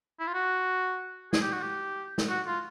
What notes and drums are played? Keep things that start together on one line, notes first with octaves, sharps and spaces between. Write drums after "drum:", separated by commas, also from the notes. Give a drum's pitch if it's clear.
E4
F4
F#4
G#4, drum: snare
G4
F#4
G4
drum: snare
F#4
F4